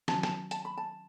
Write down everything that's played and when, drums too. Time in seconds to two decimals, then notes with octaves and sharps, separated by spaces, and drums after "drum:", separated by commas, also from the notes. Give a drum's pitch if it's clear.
0.08 D#3 F#3 C#4 F#4 A5, drum: snare
0.23 A5, drum: snare
0.51 A5, drum: hi-hat
0.65 B5
0.77 A5